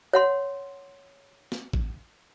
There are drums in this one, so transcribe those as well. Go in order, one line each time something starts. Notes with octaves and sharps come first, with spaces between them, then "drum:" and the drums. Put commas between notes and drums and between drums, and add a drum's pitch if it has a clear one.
C#5 F#5 C6
drum: snare
drum: kick A1